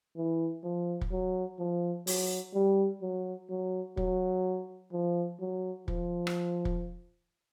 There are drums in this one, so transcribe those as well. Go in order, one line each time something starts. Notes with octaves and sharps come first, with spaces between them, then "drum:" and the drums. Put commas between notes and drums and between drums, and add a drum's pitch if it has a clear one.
E3
F3
drum: kick
F#3
F3
F#3, drum: open hi-hat
G3
F#3
F#3
F#3, drum: kick
F3
F#3
F3, drum: kick
drum: rim click
drum: kick